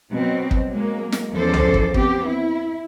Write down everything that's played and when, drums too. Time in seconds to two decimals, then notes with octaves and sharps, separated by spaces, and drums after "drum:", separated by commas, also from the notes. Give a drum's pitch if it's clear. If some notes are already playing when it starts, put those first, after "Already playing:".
0.13 B2 F#3 C4
0.51 drum: kick
0.68 F#3 G#3 A#3
1.12 drum: snare
1.33 E2 F3 C#4 A4 C5 D5
1.53 drum: tom C2
1.74 drum: kick
1.94 B3 C4 G4, drum: kick
2.28 E4